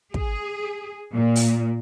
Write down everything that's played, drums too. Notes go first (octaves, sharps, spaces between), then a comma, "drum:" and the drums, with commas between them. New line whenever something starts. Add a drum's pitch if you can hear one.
G#4, drum: kick
A#2
drum: open hi-hat